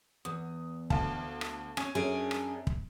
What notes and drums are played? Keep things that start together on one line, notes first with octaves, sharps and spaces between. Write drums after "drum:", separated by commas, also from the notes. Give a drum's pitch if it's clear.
E2 D#6
D2 F5 A5, drum: kick
drum: rim click
C#4 G#5, drum: rim click
F#2 C#4 D4 G#4 D7
drum: rim click
drum: kick